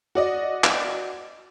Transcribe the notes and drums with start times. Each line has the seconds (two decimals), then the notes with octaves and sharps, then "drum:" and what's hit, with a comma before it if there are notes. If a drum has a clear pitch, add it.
0.15 F#4 D5 D#5
0.64 drum: clap